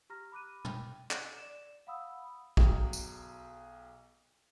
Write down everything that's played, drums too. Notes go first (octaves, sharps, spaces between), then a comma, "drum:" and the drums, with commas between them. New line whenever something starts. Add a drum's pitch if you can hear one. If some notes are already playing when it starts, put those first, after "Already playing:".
G4 A#5 F6 A#6
B5 D6 F#6 D#7
G5, drum: tom
D6 F#6, drum: clap
D5 E7
F5 F#5 B5 D#6 E6
B1 F#3 G#4 G5, drum: kick
drum: tambourine